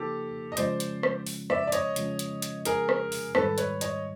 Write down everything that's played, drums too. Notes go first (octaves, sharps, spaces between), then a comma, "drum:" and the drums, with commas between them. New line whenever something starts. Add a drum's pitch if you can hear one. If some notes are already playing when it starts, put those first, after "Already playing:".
Already playing: C#3 F3 A#3 D#4 G4 A4
D#5
C#3 F3 G#3 C#4 C5 D5, drum: hi-hat
drum: hi-hat
drum: rim click
drum: open hi-hat
D5 E5, drum: rim click
D5
C#5 D#5, drum: hi-hat
C#3 F3 G#3 C#4, drum: hi-hat
drum: hi-hat
drum: hi-hat
G#4 A#4, drum: hi-hat
drum: rim click
drum: open hi-hat
G#2 D#3 G3 A4 B4, drum: rim click
B4 C#5, drum: hi-hat
C#5 D#5, drum: hi-hat